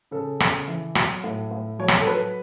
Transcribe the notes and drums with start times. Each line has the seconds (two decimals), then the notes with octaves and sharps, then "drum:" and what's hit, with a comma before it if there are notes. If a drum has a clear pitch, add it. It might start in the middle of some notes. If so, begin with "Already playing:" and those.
0.11 C#3 A4
0.40 C#3, drum: rim click
0.68 E3
0.95 F#3, drum: rim click
1.24 A2
1.51 A2
1.79 F#3 C#5
1.88 drum: rim click
2.01 A4
2.07 F#3 B4